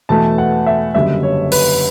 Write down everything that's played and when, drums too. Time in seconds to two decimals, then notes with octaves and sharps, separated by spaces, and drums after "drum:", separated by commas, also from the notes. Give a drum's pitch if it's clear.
0.09 E2 B2 A3 A5
0.38 F#5
0.66 E5
0.94 F#1 F#2 D3 G3 E5
1.23 C#5
1.52 B4, drum: open hi-hat